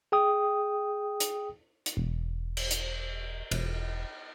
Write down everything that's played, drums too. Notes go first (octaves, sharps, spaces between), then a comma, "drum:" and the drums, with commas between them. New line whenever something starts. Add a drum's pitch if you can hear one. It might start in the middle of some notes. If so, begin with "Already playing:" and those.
G#4 G5 D#6
drum: hi-hat
drum: hi-hat
E1
drum: cymbal
drum: hi-hat
E1, drum: cymbal